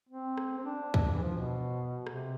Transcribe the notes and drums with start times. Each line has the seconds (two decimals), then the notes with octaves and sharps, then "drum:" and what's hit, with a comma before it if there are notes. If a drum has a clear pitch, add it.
0.09 C4
0.37 drum: rim click
0.58 C4
0.65 D4
0.94 drum: kick
1.13 E3
1.22 F3
1.37 B2
2.07 C3, drum: rim click